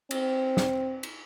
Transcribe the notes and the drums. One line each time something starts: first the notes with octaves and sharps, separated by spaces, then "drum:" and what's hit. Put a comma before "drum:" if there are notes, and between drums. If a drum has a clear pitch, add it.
C4, drum: cymbal
drum: snare
drum: cymbal